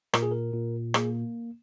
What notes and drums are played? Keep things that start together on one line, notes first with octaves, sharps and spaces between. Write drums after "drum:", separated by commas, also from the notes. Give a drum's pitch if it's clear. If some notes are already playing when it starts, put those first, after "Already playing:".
A#2 A#4, drum: rim click
G#4
A#4
A#2
A#3 G#4, drum: rim click